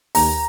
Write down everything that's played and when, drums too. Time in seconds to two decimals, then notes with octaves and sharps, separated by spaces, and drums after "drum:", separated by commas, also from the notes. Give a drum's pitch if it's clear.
0.15 D#2 A#5, drum: open hi-hat